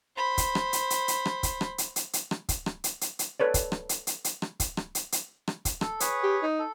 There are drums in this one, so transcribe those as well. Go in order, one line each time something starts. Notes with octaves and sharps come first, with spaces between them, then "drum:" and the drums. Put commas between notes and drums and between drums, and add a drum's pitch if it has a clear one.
C5 B5
drum: kick, hi-hat
drum: rim click
drum: hi-hat
drum: hi-hat
drum: hi-hat
drum: rim click
drum: kick, hi-hat
drum: rim click
drum: hi-hat
drum: hi-hat
drum: hi-hat
drum: rim click
drum: kick, hi-hat
drum: rim click
drum: hi-hat
drum: hi-hat
drum: hi-hat
A4 B4 C#5 D5
drum: kick, hi-hat
drum: rim click
drum: hi-hat
drum: hi-hat
drum: hi-hat
drum: rim click
drum: kick, hi-hat
drum: rim click
drum: hi-hat
drum: hi-hat
drum: rim click
drum: kick, hi-hat
A4, drum: rim click
G#4 B4 C#5, drum: hi-hat
G4
D#4
A4